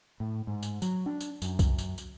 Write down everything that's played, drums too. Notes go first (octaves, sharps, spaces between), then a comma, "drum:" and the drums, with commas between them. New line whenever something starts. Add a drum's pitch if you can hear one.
A2
G#2
drum: tambourine
F#3, drum: tambourine
D4
drum: tambourine
F#2, drum: tambourine
drum: kick C2, tambourine
drum: tambourine
drum: tambourine